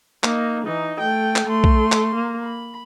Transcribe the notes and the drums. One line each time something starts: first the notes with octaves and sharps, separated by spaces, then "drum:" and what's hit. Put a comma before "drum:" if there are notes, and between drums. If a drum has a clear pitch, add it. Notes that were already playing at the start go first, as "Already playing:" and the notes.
A#3 D#4, drum: clap
E3 D#4
A3 G5
drum: clap
A3 C6
drum: kick
drum: clap
A#3
B5